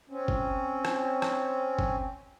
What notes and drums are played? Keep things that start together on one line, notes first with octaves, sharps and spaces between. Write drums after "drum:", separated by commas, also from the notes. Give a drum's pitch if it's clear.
C4 C#4
drum: kick G1
drum: rim click
drum: rim click
drum: kick G1